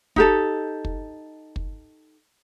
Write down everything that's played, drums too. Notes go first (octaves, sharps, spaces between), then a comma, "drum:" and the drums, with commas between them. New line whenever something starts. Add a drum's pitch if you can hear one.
D#4 G4 A4, drum: kick
drum: kick
drum: kick